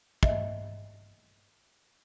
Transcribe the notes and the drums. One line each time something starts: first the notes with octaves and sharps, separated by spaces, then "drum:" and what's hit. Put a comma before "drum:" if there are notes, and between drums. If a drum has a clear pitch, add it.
D#5 E5, drum: kick